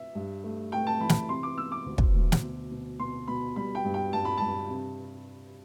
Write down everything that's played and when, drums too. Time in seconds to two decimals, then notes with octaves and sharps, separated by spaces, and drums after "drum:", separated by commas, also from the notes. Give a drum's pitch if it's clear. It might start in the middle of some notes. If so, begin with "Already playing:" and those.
Already playing: E5
0.15 G2
0.44 A3
0.72 A3 G5
0.87 A5
1.00 E3 B5
1.09 drum: snare
1.29 C3 C6
1.43 D6
1.57 B3 E6
1.72 D6
1.86 D2
1.98 drum: kick
2.14 D2
2.32 drum: snare
2.43 B2
2.71 B2
2.99 B2 C6
3.28 B2 B5
3.56 G3 B5
3.75 G5
3.85 G2
3.94 G5
4.13 G2 A5
4.25 B5
4.38 G2 A5
4.70 C3